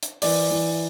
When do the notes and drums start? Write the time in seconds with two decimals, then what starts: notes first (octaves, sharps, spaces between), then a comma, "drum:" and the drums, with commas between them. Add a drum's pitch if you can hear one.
0.03 drum: hi-hat
0.22 E3 D5, drum: open hi-hat
0.50 E3